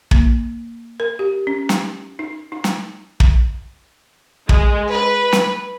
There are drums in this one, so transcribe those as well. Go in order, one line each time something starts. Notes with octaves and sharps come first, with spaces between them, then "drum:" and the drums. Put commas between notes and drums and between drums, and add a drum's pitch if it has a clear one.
A#3, drum: kick
A#4
G4
C#4
D#4, drum: snare
D#4
D#4
drum: snare
drum: kick
G#3, drum: kick
B4
drum: snare